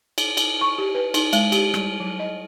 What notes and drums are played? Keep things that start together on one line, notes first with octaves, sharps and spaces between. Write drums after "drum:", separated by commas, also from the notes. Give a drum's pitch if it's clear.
drum: cymbal
drum: cymbal
C#6
G4
B4
D#4, drum: cymbal
G#3, drum: cymbal
G4, drum: cymbal
G3, drum: rim click
F#3
D#5